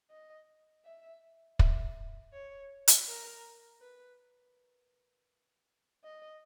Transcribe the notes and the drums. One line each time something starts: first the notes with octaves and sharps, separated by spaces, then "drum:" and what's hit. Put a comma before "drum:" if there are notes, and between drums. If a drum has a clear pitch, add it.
D#5
E5
E5, drum: kick
C#5
drum: hi-hat
A#4
B4
D#5